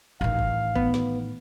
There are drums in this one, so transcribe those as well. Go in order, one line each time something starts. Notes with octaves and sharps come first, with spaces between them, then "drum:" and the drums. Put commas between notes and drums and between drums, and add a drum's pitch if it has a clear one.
A1 D#3 F5, drum: kick
drum: kick
B3, drum: kick
drum: snare